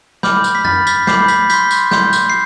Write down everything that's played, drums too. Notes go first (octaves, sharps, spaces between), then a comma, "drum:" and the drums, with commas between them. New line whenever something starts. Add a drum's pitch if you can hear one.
B5 D6 F6 G6, drum: snare
drum: tambourine
B6
B5 F6 A6, drum: tom F2
B6, drum: tambourine
B5 D6 G6 C7, drum: snare
B6, drum: tambourine
C6 G6 B6, drum: tambourine
drum: tambourine
C6 G6, drum: snare
drum: tambourine
C7